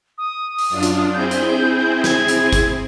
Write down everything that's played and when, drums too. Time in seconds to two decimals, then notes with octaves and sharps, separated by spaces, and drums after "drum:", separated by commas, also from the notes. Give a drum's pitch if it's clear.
0.18 D#6
0.58 drum: open hi-hat
0.69 F#2 D4 F4
0.83 drum: hi-hat
1.13 C4 E4 G#4 G6
1.31 drum: hi-hat
2.04 G#6, drum: snare
2.28 drum: hi-hat
2.53 drum: kick, hi-hat